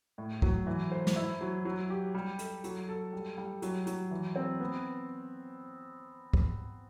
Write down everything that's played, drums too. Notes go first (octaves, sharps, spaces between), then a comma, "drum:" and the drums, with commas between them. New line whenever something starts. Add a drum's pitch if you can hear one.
A2
F#3, drum: kick
E3
C5
drum: snare
E4
F#3
F#3
G4
G3
A4, drum: hi-hat
F#3, drum: hi-hat
A4
G3
G3
F#3, drum: hi-hat
F#3, drum: hi-hat
E3
C4
B3
drum: kick